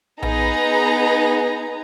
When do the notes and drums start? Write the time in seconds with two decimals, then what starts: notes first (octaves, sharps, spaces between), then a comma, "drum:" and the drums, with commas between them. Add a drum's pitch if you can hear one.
0.22 B3 D#4 G#4 B4 A#5, drum: tom A#1